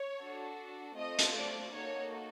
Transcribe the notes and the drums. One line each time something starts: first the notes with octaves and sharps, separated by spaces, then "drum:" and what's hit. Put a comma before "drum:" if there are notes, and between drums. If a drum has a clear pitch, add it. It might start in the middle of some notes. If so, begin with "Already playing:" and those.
Already playing: C#5
D4 F#4 A4
A3 C4 F4 A4 D#5
drum: hi-hat
D5
A#3 D#4 F#4 A4 C#5